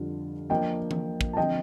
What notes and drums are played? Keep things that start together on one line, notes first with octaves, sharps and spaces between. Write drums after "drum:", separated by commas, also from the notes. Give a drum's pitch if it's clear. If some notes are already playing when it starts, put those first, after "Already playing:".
Already playing: F2 D3 G3 D4 F4
F3 A#3 D4 D#5 G5
drum: tom E3
drum: kick
A5
D3 F3 C4 D#5 G5